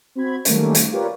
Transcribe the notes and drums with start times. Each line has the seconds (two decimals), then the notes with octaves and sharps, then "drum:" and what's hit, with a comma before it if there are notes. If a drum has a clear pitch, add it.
0.15 C4 F#4 B5 G#6
0.45 D#3 F#3 G3 A3 A#3 C#4, drum: hi-hat
0.75 drum: hi-hat
0.91 F4 G4 A#4 B4 C#5 D5